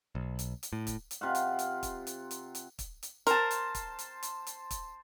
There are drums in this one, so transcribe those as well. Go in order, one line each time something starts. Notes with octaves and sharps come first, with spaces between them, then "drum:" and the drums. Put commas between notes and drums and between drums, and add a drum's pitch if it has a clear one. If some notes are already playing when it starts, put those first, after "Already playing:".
B1
drum: hi-hat
drum: hi-hat
A2
drum: kick, hi-hat
drum: hi-hat
C3 F4 F#5
drum: hi-hat
drum: hi-hat
drum: kick, hi-hat
drum: hi-hat
drum: hi-hat
drum: hi-hat
drum: kick, hi-hat
drum: hi-hat
A#4 C5 A5, drum: hi-hat
drum: hi-hat
drum: kick, hi-hat
drum: hi-hat
drum: hi-hat
drum: hi-hat
drum: kick, hi-hat